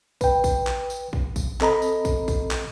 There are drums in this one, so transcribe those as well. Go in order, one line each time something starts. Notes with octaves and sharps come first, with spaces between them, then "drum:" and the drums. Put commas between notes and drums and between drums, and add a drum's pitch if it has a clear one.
B4 G5, drum: kick, tambourine
drum: kick, tambourine
drum: clap
drum: tambourine
drum: kick
drum: kick, tambourine
C4 A4 D#5 A#5 B5, drum: clap
drum: tambourine
drum: kick, tambourine
drum: kick, tambourine
drum: clap